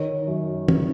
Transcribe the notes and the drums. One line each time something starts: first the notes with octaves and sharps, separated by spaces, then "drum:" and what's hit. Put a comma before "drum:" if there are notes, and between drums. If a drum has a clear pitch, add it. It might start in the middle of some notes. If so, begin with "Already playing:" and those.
Already playing: D#3 C#5
F#2
drum: tom